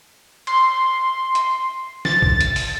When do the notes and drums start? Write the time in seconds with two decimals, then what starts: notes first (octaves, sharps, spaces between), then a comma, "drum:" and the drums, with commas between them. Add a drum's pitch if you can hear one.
0.47 C6, drum: cymbal
1.35 drum: hi-hat
2.05 A6, drum: snare
2.22 drum: kick
2.41 drum: hi-hat
2.56 drum: open hi-hat